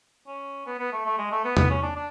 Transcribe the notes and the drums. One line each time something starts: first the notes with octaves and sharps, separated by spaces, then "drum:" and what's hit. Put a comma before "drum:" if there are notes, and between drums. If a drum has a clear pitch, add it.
C#4
B3
B3
A3
A3
G#3
A3
B3
B3, drum: tom
C#4
D4
D4